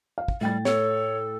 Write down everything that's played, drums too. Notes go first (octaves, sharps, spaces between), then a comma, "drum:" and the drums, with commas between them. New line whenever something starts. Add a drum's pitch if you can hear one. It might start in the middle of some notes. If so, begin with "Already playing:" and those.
F5
drum: kick
A2 G3 G5 A6
A4 C#5, drum: snare